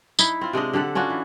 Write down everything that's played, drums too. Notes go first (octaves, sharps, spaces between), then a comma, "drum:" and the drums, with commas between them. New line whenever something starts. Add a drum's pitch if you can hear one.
D#4 E4, drum: tambourine
C4 F4
C3 G#3 D4 D#5
D3 G4 A4 F#5
C#4 D4 F4 F#4
E3